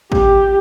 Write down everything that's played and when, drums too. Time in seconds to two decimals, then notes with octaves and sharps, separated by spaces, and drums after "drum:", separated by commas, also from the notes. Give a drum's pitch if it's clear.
0.12 G4, drum: kick